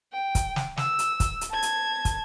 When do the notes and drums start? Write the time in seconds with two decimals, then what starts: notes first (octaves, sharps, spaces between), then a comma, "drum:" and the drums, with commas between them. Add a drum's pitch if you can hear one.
0.12 G5
0.35 drum: kick, hi-hat
0.56 drum: snare
0.77 E6, drum: snare
0.99 drum: hi-hat
1.20 drum: kick, hi-hat
1.41 drum: hi-hat
1.51 A5 G#6
1.63 drum: hi-hat
2.05 drum: kick, hi-hat